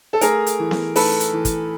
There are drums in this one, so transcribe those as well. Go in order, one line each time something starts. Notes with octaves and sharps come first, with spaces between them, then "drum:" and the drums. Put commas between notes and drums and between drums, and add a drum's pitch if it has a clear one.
A4
A3 G#4 A#4, drum: hi-hat
drum: hi-hat
E3
drum: snare B3
A3 A4 B4, drum: open hi-hat
drum: hi-hat
E3
drum: kick, hi-hat